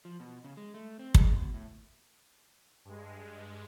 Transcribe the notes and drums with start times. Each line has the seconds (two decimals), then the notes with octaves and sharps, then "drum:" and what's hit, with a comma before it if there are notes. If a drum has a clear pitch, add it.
0.05 F3
0.20 B2
0.44 C#3
0.57 G#3
0.74 A3
0.99 C4
1.15 G#3, drum: kick
1.32 B2
1.54 A2
2.85 G2 G#3